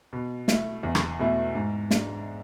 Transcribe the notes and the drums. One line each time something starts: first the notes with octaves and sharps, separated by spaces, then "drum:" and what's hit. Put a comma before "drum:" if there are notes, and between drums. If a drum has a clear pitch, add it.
B2
A3 E4, drum: snare
E2
drum: rim click
B2 A3 E4
G#2
G#3 D4, drum: snare